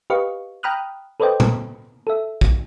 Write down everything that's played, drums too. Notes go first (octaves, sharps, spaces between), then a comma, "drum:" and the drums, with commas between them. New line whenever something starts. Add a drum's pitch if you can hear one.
G4 B4 D#5 F5 C#6
G5 A#5 B5 D#6 F6 F#6
A4 B4 C5 D5 D#5 G5
drum: tom A#2
A4 E5
drum: kick A#1